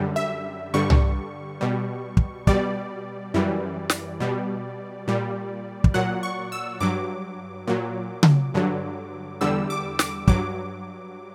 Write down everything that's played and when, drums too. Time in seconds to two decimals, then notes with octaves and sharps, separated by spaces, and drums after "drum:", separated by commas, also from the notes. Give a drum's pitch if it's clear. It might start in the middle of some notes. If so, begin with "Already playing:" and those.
Already playing: F#2 D3 G3
0.16 E5
0.74 G2 D3 G3 C#6
0.90 drum: tom C2
1.61 B2 G3
2.17 drum: kick
2.47 B2 G3 D5, drum: kick
3.34 F#2 E3 G3
3.90 drum: snare
4.20 B2 G3
5.07 A#2 G3
5.84 drum: kick
5.94 A#2 F#3 F#5
6.23 C#6
6.52 E6
6.80 G2 F#3 D6
7.67 A#2 F#3
8.23 drum: tom C#3
8.54 G2 D3 F#3
9.41 E2 D3 G3 E6
9.70 D6
9.99 D6, drum: snare
10.28 G2 F#3 D6, drum: kick